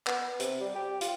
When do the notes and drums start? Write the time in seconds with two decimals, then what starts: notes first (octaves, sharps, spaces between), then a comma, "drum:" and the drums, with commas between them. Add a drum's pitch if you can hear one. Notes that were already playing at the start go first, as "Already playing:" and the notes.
0.07 B3, drum: clap
0.40 C3, drum: hi-hat
0.61 G3
0.75 G4
1.01 F4, drum: hi-hat